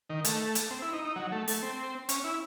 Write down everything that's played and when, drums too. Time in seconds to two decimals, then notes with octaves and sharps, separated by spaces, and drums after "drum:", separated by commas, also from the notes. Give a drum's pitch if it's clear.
0.10 D#3
0.24 A3, drum: hi-hat
0.55 drum: hi-hat
0.71 C4
0.82 E4
0.93 D#4
1.05 D#4
1.16 F#3
1.32 A3
1.48 A3, drum: open hi-hat
1.62 C4
2.09 C#4, drum: hi-hat
2.24 E4